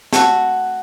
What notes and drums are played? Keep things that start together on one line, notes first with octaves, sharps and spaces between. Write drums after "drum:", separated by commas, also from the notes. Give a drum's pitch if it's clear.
A3 F#4, drum: snare